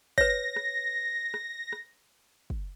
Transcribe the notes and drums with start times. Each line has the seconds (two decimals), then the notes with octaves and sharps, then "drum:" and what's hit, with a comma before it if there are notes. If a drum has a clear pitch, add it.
0.18 B4 C#5 A#6, drum: kick
0.56 drum: rim click
1.34 drum: rim click
1.73 drum: rim click
2.50 drum: kick